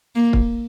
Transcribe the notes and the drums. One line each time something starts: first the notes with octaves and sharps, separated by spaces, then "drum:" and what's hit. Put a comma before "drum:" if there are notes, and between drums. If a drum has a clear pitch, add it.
A#3
drum: kick